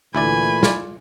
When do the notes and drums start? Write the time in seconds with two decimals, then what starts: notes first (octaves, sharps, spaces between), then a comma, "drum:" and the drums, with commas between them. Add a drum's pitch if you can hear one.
0.15 D2 A#2 E3 A3 E4 D5 G#5 B5
0.63 F4 D5, drum: snare